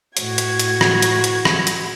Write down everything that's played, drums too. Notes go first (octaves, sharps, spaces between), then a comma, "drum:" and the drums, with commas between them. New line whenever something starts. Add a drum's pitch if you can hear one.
A2 F#4 G#6, drum: hi-hat
drum: hi-hat
drum: hi-hat
drum: rim click
drum: hi-hat
drum: hi-hat
drum: rim click
drum: hi-hat